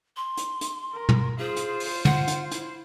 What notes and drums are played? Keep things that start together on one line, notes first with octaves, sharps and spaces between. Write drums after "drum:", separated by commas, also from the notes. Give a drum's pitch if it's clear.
C6
drum: hi-hat
drum: hi-hat
A#4
drum: tom
F4 G#4 C5
drum: hi-hat
drum: open hi-hat
F#5, drum: tom
drum: hi-hat
E4, drum: hi-hat